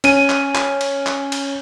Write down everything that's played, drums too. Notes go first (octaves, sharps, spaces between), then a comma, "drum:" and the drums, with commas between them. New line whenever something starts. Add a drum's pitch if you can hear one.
C#4 D#7, drum: cymbal
drum: clap
drum: clap
drum: cymbal
drum: clap
drum: cymbal